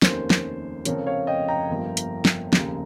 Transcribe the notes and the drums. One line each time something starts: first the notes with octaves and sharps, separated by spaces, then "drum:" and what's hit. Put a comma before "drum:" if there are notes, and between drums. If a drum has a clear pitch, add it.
F1 D#2 D#3 A#3 C#4 C5, drum: snare
drum: snare
F1 F2 C#3 F3 A#4 C#5, drum: hi-hat
C#5 F5
D#5 G5
G5 A#5
G1 G2 F3 A#3
drum: hi-hat
drum: snare
F1 D#2 C#3, drum: snare